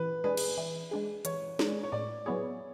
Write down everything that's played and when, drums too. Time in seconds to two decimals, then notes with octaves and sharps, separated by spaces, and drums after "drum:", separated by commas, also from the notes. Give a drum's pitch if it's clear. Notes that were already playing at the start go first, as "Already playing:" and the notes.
Already playing: E3 B4
0.24 G#3 D4 G#4 B4
0.37 drum: cymbal
0.58 E3
0.91 G#3 D4 G#4
1.25 E3 C#5, drum: hi-hat
1.59 G#3 D4 G#4, drum: snare
1.83 C#5
1.92 A2 D5
2.26 F#3 B3 E4 G#4 C#5